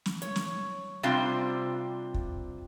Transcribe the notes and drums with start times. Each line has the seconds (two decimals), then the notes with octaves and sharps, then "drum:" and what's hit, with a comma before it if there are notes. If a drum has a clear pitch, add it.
0.06 drum: snare
0.22 C#5, drum: hi-hat
0.36 drum: snare
1.03 C3 G3 C4 D4 F4
2.14 drum: kick